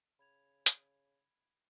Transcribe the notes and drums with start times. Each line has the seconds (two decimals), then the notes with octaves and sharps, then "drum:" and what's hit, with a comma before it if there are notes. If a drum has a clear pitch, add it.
0.19 C#3 B5 G#6 F7
0.66 drum: hi-hat